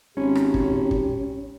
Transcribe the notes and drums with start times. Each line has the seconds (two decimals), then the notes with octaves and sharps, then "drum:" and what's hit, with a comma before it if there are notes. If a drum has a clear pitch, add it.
0.17 G#1 C#4 G4
0.35 drum: rim click
0.54 drum: kick
0.91 drum: kick